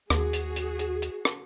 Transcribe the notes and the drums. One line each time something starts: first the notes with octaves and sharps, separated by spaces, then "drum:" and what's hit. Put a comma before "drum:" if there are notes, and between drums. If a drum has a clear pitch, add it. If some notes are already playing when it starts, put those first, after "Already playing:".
D#2 F#4 G#4, drum: rim click
drum: hi-hat
drum: hi-hat
drum: hi-hat
drum: hi-hat
drum: rim click